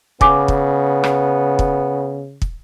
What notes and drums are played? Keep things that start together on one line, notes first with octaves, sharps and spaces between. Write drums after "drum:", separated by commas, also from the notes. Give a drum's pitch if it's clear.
C#3 B3 G#5 D6, drum: kick
drum: kick
drum: rim click
drum: kick
drum: kick